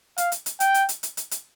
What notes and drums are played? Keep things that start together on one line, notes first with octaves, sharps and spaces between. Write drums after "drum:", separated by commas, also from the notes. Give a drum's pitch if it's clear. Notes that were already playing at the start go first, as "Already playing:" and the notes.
F5, drum: hi-hat
drum: hi-hat
drum: hi-hat
G5, drum: hi-hat
drum: hi-hat
drum: hi-hat
drum: hi-hat
drum: hi-hat
drum: hi-hat